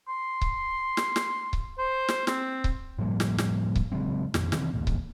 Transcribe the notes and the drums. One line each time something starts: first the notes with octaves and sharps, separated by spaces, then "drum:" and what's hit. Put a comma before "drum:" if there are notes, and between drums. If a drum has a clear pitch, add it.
C6
drum: kick C#1
drum: snare
drum: snare
drum: kick C#1
C5
drum: snare
C4, drum: snare
drum: kick C#1
A2 F3 G3 A#3
drum: snare
drum: snare
drum: kick C#1
C#3 F#3 G#3 C4
F2 A#2 D#3, drum: snare
C3 D#3 E3 C4, drum: snare
D#1 A1 A#2
drum: kick C#1